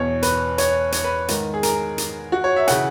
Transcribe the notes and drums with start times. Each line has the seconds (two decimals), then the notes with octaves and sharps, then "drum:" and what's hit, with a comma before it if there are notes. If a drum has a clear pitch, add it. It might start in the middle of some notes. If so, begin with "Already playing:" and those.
Already playing: E2 B2 C#5
0.23 B4, drum: hi-hat
0.58 C#5, drum: hi-hat
0.92 C#5, drum: hi-hat
1.04 B4
1.28 G#2 D#3, drum: hi-hat
1.54 G#4
1.63 A#4, drum: hi-hat
1.98 drum: hi-hat
2.32 F#4
2.44 C#5
2.56 E5
2.68 C#3 E3 F#5, drum: hi-hat